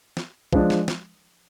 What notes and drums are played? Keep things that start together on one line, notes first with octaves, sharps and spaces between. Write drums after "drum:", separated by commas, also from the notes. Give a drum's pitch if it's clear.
drum: snare
F3 G#3 D4, drum: kick
drum: snare
drum: snare